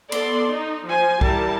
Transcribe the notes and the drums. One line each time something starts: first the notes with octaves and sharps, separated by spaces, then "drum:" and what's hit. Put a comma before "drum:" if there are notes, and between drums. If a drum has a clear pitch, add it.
B3 A4 D5 C6, drum: cymbal
D#4
F3 C5 G#5
G3 E4 A#4 A5, drum: kick B1